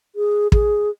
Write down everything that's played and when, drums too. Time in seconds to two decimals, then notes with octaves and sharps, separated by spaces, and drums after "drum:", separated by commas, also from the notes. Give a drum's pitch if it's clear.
0.16 G#4
0.52 G#4, drum: kick